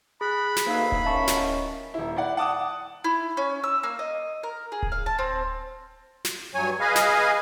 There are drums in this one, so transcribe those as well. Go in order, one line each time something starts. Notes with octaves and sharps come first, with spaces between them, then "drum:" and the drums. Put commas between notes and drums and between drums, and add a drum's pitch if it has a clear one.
G#4 B5 F#6
drum: snare
D2 A#3 D#4 B4 F5 E6
drum: kick D1
E2 D#3 C#4 E5 A5 C#6
drum: snare
D#1 E4
E4 D5 F#5
F#5 A5 D6 D#6
E4
C#4
E6
A#3
D#5
A#4
G#4
drum: kick D1
F5
A5
C4
drum: snare
G2 F#3 C#5 G#5
G#4 B4 D#5 F5 G#5
drum: snare